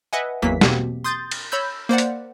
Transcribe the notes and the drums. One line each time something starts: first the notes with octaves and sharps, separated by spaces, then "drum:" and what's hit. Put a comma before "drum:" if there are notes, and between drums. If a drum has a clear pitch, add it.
B4 D#5 E5 F#5 G#5
G#1 E2 E3 F#3 A#3 B6
B2 A#3 C4 G4, drum: snare
C6 D#6 G6 A6
drum: cymbal
C#5 B5 E6 G6
A#3 C5 D5 F#5
drum: hi-hat